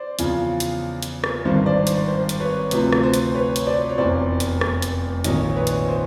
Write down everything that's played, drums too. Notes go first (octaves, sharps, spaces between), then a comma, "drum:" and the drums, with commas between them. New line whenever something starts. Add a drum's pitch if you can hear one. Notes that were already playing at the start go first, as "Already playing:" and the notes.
Already playing: C5 D5
E2 C#3 F3, drum: hi-hat
drum: hi-hat
drum: hi-hat
drum: rim click
G#1 G2 D#3 C5
C5 D5
C5, drum: hi-hat
C5
drum: hi-hat
B4 C#5
D2 C3 F3 B4, drum: hi-hat
drum: rim click
C5
drum: hi-hat
C5
B4 C#5
drum: hi-hat
C5 D5
C#5
F1 E2 C3 C5 D5
drum: hi-hat
drum: rim click
drum: hi-hat
A#1 G#2 D#3 C#5 D#5, drum: hi-hat
B4 C#5
drum: hi-hat
C5